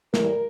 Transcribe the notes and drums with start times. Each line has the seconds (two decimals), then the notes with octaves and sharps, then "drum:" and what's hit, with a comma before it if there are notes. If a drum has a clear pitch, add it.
0.14 A2 E3 G3 A#4, drum: snare